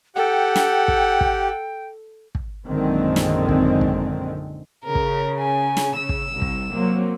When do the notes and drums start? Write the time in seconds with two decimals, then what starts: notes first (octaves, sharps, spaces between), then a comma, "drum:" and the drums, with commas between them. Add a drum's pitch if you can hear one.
0.16 G4 A4 F#5 G5
0.56 drum: snare
0.88 drum: kick
1.21 drum: kick
2.35 drum: kick
2.67 A#1 F#2 D3 D#3 G#3 C4
3.16 drum: snare
3.49 drum: kick
3.81 drum: kick
4.85 C#3 A#4
4.95 drum: kick
5.40 G#5
5.77 drum: snare
5.96 C#3 E6
6.09 drum: kick
6.32 C2
6.42 drum: kick
6.71 F#3 A#3 C4